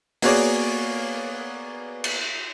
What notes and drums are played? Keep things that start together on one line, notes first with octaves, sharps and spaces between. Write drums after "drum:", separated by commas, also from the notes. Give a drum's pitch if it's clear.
A#3 B3 F#4 G#4 C#5 D5, drum: open hi-hat
drum: cymbal